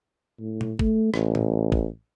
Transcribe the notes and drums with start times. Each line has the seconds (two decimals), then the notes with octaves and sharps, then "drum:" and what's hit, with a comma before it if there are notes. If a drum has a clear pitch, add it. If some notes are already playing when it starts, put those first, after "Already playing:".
0.39 A2
0.61 drum: tom A#2
0.79 A3, drum: kick
1.14 A1, drum: rim click
1.35 drum: tom A#2
1.72 drum: kick